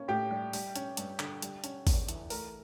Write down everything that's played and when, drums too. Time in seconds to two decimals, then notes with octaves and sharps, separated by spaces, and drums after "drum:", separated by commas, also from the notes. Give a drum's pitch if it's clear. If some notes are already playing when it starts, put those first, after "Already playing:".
Already playing: A#3 C#4
0.08 A2 G4
0.31 G3
0.53 G3, drum: open hi-hat
0.76 C#4, drum: hi-hat
0.97 G2, drum: hi-hat
1.19 D3, drum: clap
1.42 G3, drum: hi-hat
1.64 C#4, drum: hi-hat
1.87 E2, drum: kick G#1, open hi-hat
2.09 E3, drum: hi-hat
2.30 A3 A#4, drum: open hi-hat